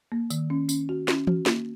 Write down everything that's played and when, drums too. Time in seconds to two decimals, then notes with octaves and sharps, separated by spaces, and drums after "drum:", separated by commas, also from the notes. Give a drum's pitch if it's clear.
0.12 A#3
0.30 D#3, drum: tambourine
0.50 C#4
0.69 C#4, drum: tambourine
0.89 F#4
1.08 C#4, drum: snare
1.27 F#4, drum: tom E3
1.46 A#3, drum: snare